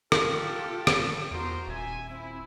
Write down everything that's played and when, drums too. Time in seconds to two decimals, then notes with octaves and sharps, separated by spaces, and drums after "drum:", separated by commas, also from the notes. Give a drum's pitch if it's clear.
0.12 F4 G4 A4, drum: rim click
0.87 drum: rim click
1.31 E2 D#4 F#4 A#4 C5
1.68 D#1 E5 G#5
2.07 C4 E4